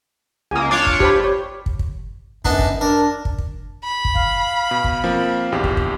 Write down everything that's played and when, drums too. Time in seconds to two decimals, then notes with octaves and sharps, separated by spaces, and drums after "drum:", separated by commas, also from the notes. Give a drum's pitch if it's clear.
0.51 C#2 A#3 G#5 D#6
0.71 D4 F4 C#5 D6
0.86 drum: kick
1.00 G4 C5 B5, drum: kick
1.20 G4 C#5
1.66 drum: kick
1.79 drum: kick
2.45 F#2 B3 D4 D#4, drum: kick
2.59 drum: kick
2.81 D4 A#4
3.25 drum: kick
3.38 drum: kick
3.84 B5
4.05 drum: kick
4.15 F5, drum: kick
4.71 B2
4.84 drum: kick
5.04 F3 A#3 C4
5.52 A#1 E2 G4
5.64 drum: kick
5.77 drum: kick